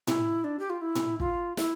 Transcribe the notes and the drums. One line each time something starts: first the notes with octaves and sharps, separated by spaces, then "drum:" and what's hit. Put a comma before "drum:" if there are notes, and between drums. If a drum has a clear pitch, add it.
E4, drum: tom A2
D4
G4
F4
E4
drum: tom A2
F4, drum: kick
E4, drum: snare